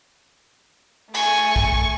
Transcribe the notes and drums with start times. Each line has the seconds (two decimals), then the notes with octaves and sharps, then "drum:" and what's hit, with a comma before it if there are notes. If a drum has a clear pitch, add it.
1.14 A3 G#5 C#6, drum: cymbal
1.56 drum: kick